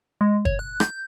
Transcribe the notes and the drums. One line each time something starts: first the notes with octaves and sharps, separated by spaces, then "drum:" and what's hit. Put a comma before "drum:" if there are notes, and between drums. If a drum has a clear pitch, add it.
G#3
C#5, drum: kick
F#6
G6, drum: rim click